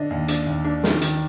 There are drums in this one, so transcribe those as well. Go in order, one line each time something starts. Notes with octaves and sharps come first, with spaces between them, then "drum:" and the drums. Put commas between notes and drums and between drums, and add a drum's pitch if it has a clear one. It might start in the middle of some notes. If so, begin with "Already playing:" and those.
Already playing: D3 D4 D#5
D#2
D4, drum: hi-hat
D#2
D4
D#3, drum: snare
D#3, drum: hi-hat